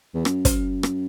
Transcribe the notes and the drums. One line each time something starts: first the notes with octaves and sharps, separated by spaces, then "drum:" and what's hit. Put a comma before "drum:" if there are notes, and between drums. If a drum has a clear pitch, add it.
E2
F#2, drum: rim click
drum: kick, hi-hat
drum: rim click